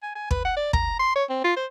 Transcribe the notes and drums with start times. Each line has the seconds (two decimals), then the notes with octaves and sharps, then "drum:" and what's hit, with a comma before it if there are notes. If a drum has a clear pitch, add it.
0.03 G#5
0.15 G#5
0.31 B4, drum: kick
0.45 F#5
0.57 D5
0.73 A#5, drum: kick
0.99 C6
1.16 C#5
1.30 C4
1.44 F4
1.56 C5